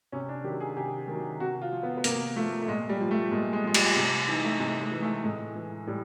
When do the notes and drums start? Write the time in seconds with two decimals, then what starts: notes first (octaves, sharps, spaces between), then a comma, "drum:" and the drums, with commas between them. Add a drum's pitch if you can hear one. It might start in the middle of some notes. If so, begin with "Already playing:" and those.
0.12 C3 C#4
0.29 D4
0.44 D#3 F#3 G4
0.60 G#4
0.76 C3 G4
1.08 D#3 F#3
1.40 C3 F#4
1.62 F4
1.72 F3
1.83 B3
1.97 B3
2.04 C3 A#3, drum: hi-hat
2.36 F3 A3
2.62 A3
2.68 A#2 G#3
2.89 G3
3.00 F3
3.11 A3
3.32 A#2 G#3
3.53 G#3
3.64 F3 G#3
3.74 G3, drum: cymbal
3.96 C3 G#3
4.28 E3 D#4
4.44 A3
4.60 C3 G#3
4.81 G#3
4.92 E3
5.02 A3
5.24 A2 G#3
5.56 E3
5.87 A2 G3